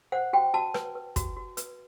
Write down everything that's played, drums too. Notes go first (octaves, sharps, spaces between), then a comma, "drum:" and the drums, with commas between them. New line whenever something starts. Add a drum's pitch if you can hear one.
C5 F#5
F#4 G5
F#4 A5
B4, drum: rim click
B4
F#4, drum: kick, hi-hat
F#4
B4, drum: hi-hat